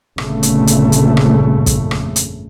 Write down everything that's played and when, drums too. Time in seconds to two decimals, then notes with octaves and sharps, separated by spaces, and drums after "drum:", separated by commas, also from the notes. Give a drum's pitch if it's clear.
0.18 G1 F2 A#2 C#3 A3, drum: rim click
0.43 drum: hi-hat
0.67 drum: hi-hat
0.92 drum: hi-hat
1.17 drum: rim click
1.66 drum: kick, hi-hat
1.91 drum: rim click
2.16 drum: hi-hat